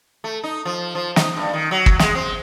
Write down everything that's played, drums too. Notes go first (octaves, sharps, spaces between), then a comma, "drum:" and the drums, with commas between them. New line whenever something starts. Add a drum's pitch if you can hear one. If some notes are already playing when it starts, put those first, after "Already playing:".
A3
D#4
F3
F3
D#4, drum: snare
G2
D#3
F#3
drum: kick
G#3, drum: snare
C4